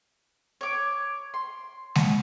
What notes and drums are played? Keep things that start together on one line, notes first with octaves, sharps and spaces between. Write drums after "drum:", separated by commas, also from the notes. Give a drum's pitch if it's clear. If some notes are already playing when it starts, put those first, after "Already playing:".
C#5 D6
C6
drum: snare G#3